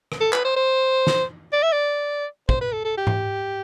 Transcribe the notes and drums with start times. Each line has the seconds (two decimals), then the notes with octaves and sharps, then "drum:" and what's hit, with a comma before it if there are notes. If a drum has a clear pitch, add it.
0.12 drum: rim click
0.21 A4
0.33 B4, drum: clap
0.45 C5
0.57 C5
1.07 drum: snare
1.53 D5
1.63 E5
1.73 D5
2.49 C5, drum: kick
2.61 B4
2.73 A4
2.85 A4
2.97 G4
3.07 drum: tom G#2